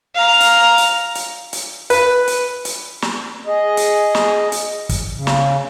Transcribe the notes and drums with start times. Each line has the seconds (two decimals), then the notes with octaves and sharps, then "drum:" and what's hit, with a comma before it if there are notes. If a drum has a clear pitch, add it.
0.15 F5 A#5
0.40 drum: hi-hat
0.78 drum: hi-hat
1.15 drum: hi-hat
1.53 drum: hi-hat
1.90 B4, drum: hi-hat
2.28 drum: hi-hat
2.65 drum: hi-hat
3.02 drum: snare
3.47 G#4 D#5
3.77 drum: hi-hat
4.15 drum: snare
4.52 drum: hi-hat
4.89 drum: kick, hi-hat
5.14 C#3
5.27 drum: snare